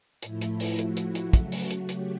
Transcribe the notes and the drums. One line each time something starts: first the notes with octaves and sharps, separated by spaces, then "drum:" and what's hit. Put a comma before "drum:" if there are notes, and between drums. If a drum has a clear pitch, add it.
A2 F3 A3 E4, drum: hi-hat
drum: hi-hat
drum: open hi-hat
F#4, drum: hi-hat
drum: hi-hat
drum: hi-hat
C#3 F#3 A3, drum: kick, hi-hat
drum: open hi-hat
drum: hi-hat
G4, drum: hi-hat